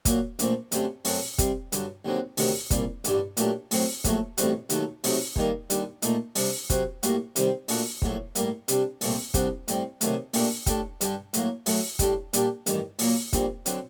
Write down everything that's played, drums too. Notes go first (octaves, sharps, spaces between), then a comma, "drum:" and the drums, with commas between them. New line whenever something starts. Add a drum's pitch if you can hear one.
A#2 F#3 A#3 F#4, drum: kick, hi-hat
A#1 A#2 A3 C4, drum: hi-hat
F#2 D3 A3 C4 G4, drum: hi-hat
F#2 F#3 A3 C4 F#4, drum: open hi-hat
C3 G3 C4, drum: kick, hi-hat
G2 D3 F#3, drum: hi-hat
D#2 D3 F#3 C4 F#4
D2 C3 D#3 F#3, drum: open hi-hat
C2 A#2 G3, drum: kick, hi-hat
A1 G2 D3 G3, drum: hi-hat
A#2 F#3 A3 D4 G4, drum: hi-hat
A2 F#3 C4, drum: open hi-hat
A#1 A2 F#3 A3, drum: kick, hi-hat
A1 A2 G3 C4 F#4, drum: hi-hat
D#2 D#3 F#3 A3, drum: hi-hat
C3 F#3 A3 D#4 F#4, drum: open hi-hat
D#2 D#3 G3 A#3, drum: kick
D#2 D3 G3, drum: hi-hat
A#2 A3 D#4, drum: hi-hat
C3 G3 D4, drum: open hi-hat
C3 F#3 C4 F#4, drum: kick, hi-hat
A2 G3 A#3 F#4, drum: hi-hat
C3 D#3 G3 C4, drum: hi-hat
A#2 A3 D4 F#4, drum: open hi-hat
A#1 A2 F#3 A3, drum: kick
A2 G3 A#3, drum: hi-hat
C3 G3 D4, drum: hi-hat
C2 A#2 A3 C4, drum: open hi-hat
C2 C3 G3 D4 F#4, drum: kick, hi-hat
A2 G3 C4, drum: hi-hat
C3 D#3 F#3 A3, drum: hi-hat
A#2 A3 D4 G4, drum: open hi-hat
A2 A3 D4 G4, drum: kick, hi-hat
G2 D3 G3 D4 G4, drum: hi-hat
A2 F#3 A#3, drum: hi-hat
A2 F#3 A3, drum: open hi-hat
A2 G3 D4 G4, drum: kick, hi-hat
A#2 G3 D4 G4, drum: hi-hat
A1 G2 D#3, drum: hi-hat
A#2 F#3 A#3, drum: open hi-hat
A#1 A#2 G3 C4, drum: kick, hi-hat
D3 F#3 C4, drum: hi-hat